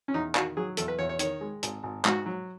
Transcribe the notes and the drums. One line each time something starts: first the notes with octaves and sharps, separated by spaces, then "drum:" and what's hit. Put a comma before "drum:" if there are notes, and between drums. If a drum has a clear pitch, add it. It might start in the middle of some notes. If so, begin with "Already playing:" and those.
C#4
E2 D#4
D#3 F#4, drum: clap
F#3 G#4
E2 A4, drum: hi-hat
B4
E2 C#5
C#5
D#3 C#5, drum: hi-hat
G#3
G#1, drum: hi-hat
G#1
G#2 F#4, drum: clap
F#3